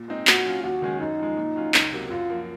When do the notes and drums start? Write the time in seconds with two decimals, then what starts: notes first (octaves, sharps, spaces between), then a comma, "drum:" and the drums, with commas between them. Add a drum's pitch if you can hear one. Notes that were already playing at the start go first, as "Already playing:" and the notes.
Already playing: A#2
0.08 G#3 C4 D#4
0.27 A#2 F#4, drum: clap
0.45 F#3 C#4 F4
0.63 D#2 F#4
0.82 D#3 G#3 C#4
1.00 F#2 D#4
1.19 F3 G#3
1.37 A#2
1.56 F#3 C#4 F4
1.74 C#2, drum: clap
1.92 C3 F#3 A#3
2.10 F#2 F4
2.30 F3 A#3